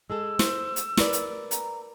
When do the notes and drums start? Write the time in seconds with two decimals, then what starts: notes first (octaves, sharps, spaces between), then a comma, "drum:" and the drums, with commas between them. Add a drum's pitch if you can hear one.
0.10 G#3 G#4 A4 E6
0.39 C5, drum: snare
0.76 drum: hi-hat
0.97 A#4 B4 D5, drum: snare
1.13 drum: hi-hat
1.51 A#5, drum: hi-hat